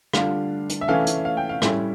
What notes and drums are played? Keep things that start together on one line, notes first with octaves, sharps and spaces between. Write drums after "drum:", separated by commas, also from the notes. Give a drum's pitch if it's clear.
D3 G3 D4 F4 F5, drum: rim click
drum: hi-hat
E5
E3 A3 C#4 E4 F5
drum: hi-hat
F5
G5
F5
A2 G3 C#4 E4, drum: rim click